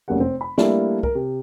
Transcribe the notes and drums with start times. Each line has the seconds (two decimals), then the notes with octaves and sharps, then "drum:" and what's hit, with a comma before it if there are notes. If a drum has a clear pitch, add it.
0.08 F1 F#2 A#3 G4 A#4 F#5
0.20 C4
0.41 B5
0.58 G3 A3 A#3 D4 E4, drum: snare
1.03 A#4, drum: kick
1.15 C3